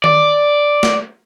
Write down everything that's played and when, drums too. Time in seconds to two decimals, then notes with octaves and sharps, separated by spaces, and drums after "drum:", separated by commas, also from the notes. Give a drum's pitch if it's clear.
0.04 D5, drum: tom D#3
0.83 drum: snare